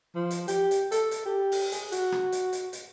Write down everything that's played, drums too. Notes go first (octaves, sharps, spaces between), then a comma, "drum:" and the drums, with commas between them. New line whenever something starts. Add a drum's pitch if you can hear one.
F3
drum: hi-hat
G4, drum: hi-hat
drum: hi-hat
A4, drum: hi-hat
drum: hi-hat
G4
drum: open hi-hat
G#4, drum: hi-hat
F#4, drum: hi-hat
drum: rim click
drum: hi-hat
drum: hi-hat
drum: hi-hat